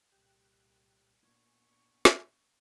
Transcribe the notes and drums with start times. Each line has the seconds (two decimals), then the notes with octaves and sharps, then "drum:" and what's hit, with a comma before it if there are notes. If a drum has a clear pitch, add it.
0.12 C2 A#2 G4 G5 F#6
1.23 A#2 B3 D4 G#5 C#6
2.05 drum: snare